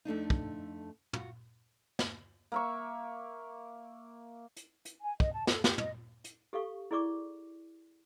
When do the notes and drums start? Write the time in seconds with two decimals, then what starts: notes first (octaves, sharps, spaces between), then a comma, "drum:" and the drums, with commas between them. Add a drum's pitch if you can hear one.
0.05 F2 A3 D4 D#4
0.30 drum: kick
1.13 F4 F#4, drum: tom
1.99 drum: snare
2.52 A#3 E5 C#6
4.56 drum: hi-hat
4.85 drum: hi-hat
5.02 G#5
5.20 D#5, drum: kick
5.33 A5
5.47 A4, drum: snare
5.64 G4, drum: snare
5.78 D#5, drum: tom
6.24 drum: hi-hat
6.53 G4 A4 F5 C#6
6.91 E4 G#4 D5 C#6 D6